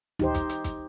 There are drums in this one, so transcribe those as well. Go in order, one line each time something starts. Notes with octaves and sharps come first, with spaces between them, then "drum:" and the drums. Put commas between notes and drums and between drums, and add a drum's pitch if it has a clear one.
D#4 G4 C5, drum: tom D2
drum: kick, hi-hat
drum: hi-hat
drum: kick, hi-hat